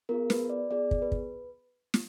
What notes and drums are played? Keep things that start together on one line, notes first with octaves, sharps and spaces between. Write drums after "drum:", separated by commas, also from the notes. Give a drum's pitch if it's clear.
B3 F4 G#4 A#4
B4, drum: snare
D5
B3 F4 G#4 D5
drum: kick
B4
drum: kick
drum: snare